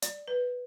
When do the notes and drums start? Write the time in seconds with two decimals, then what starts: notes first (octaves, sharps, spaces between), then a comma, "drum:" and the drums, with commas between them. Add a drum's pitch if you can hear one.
0.02 D5, drum: hi-hat
0.28 B4